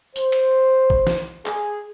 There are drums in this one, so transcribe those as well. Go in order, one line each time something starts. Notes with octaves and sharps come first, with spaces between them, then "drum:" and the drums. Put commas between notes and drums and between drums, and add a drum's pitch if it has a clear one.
C5, drum: tambourine
drum: cymbal
drum: kick A#1
drum: snare
G#4, drum: clap